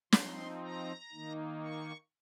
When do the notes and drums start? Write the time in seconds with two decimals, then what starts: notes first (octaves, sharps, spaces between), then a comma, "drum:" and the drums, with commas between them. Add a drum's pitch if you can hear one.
0.12 F3 C4 D#4 C6, drum: snare
0.63 A#5
1.12 D#3 A#3 D#4
1.62 C#6